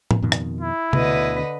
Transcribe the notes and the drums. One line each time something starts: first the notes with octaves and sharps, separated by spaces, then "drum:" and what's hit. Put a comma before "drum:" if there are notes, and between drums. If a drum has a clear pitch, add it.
drum: tom A2
F2 B2 D#3
drum: rim click
E4
D2 B2 D3 B4 D#5, drum: tom C3